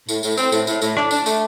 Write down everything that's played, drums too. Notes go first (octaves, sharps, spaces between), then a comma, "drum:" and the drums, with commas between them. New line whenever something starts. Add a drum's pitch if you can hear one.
A2, drum: tambourine
A2, drum: tambourine
C4, drum: tambourine
A2, drum: tambourine
A2, drum: tambourine
A2, drum: tambourine
D4, drum: rim click
D4, drum: tambourine
A3, drum: tambourine